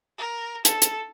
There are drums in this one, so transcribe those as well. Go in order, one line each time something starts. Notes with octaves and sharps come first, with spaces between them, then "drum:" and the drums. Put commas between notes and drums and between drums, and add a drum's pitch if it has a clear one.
A#4
A4, drum: hi-hat
drum: hi-hat